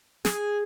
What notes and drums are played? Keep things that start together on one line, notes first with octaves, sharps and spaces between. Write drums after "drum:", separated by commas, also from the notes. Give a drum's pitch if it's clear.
G#4, drum: snare